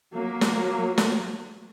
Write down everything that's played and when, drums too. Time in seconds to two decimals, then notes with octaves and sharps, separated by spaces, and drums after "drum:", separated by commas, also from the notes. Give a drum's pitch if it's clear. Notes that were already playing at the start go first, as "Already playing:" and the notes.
0.13 F#3 A#3
0.41 drum: snare
0.98 drum: snare